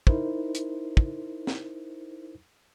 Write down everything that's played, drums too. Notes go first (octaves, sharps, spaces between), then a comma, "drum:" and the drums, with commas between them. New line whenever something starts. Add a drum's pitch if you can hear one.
D#4 E4 A#4 C5, drum: kick
drum: hi-hat
drum: kick
drum: snare